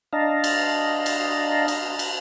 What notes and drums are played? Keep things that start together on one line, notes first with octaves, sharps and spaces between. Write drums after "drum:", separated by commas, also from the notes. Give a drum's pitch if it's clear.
D4 D#5 F5 A5 A#5
drum: cymbal
drum: cymbal
drum: cymbal
drum: cymbal